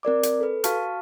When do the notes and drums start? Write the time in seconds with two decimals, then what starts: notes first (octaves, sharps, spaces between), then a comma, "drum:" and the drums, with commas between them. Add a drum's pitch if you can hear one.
0.03 C4 A#4 D5 D6
0.23 drum: hi-hat
0.40 A4 B4
0.64 F#4 F5 A5 C#6 F6, drum: hi-hat